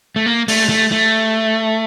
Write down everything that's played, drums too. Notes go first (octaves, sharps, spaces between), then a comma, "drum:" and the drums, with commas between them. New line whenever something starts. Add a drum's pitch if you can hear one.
A3
A#3
A3, drum: open hi-hat
A3
A3